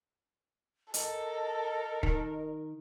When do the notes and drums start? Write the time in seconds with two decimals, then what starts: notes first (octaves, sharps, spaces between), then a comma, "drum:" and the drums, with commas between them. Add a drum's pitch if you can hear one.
0.94 A4 A#4 D#5, drum: hi-hat
2.03 D#3, drum: kick